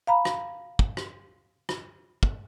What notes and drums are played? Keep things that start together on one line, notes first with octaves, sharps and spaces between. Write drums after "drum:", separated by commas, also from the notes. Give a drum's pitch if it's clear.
F5 A#5 B5
drum: rim click
drum: kick
drum: rim click
drum: rim click
drum: kick